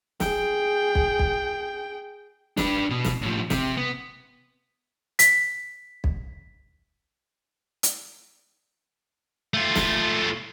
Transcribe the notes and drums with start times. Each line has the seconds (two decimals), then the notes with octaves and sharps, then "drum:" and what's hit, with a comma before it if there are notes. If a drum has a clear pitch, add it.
0.20 G#4 G5, drum: snare
0.95 drum: kick B1
1.19 drum: kick B1
2.57 D4 B4, drum: snare
2.90 B2
3.05 drum: snare
3.22 A2 F3
3.50 C3, drum: snare
3.77 B3
5.19 B6, drum: hi-hat
6.04 drum: kick B1
7.83 drum: hi-hat
9.54 A3 F4
9.75 drum: snare